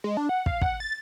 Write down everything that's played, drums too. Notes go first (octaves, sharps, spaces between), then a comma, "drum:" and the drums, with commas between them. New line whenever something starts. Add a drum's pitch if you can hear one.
G#3
D4
F#5
F5, drum: kick
F#5, drum: kick
A6